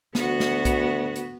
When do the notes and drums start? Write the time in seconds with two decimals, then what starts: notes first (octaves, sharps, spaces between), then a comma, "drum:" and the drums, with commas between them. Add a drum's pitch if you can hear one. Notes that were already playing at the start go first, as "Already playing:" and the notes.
0.15 D2 B3 F#4, drum: snare
0.40 drum: snare
0.65 drum: kick B1, hi-hat
1.16 drum: hi-hat